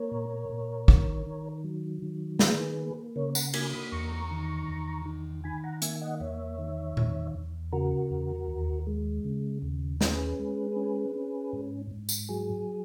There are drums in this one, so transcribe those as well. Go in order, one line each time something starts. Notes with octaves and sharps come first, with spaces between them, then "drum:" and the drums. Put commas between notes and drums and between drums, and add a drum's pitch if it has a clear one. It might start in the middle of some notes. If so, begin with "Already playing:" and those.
Already playing: A#3 A#4 C#5
A#2
A#2
D#3, drum: kick
D#3
F#3
D#3
A#3 G#4 B4, drum: snare
A#3
C#3 A#4 C#5
F#5 A#5, drum: tambourine
A#3 G#5 B5, drum: cymbal
B5 D#6
E2 A#5 C#6
D#3
E2
D#3
D#3 G#5 B5
F#5 A#5
A#3 E5 G#5, drum: hi-hat
D#5 F#5
E2 C#5 E5
D#3
E2, drum: tom A#2
E2
C#3 F#4 A#4
E2
D#2
G#3
C#3
D#2
C#4 G#4 B4, drum: snare
G#3
C#4
C#4
G#2
G#2
drum: tambourine
F#3 G#4